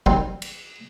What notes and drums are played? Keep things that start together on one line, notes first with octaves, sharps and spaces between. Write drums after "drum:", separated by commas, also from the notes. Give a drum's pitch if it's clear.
D#3 F#3 G3 C4 A#4 C5, drum: kick
drum: cymbal